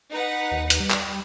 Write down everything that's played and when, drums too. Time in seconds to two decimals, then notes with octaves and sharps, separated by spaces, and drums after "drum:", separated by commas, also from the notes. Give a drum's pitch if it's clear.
0.10 D#4 B4 F#5
0.51 D#2
0.70 drum: hi-hat
0.80 G3
0.90 drum: clap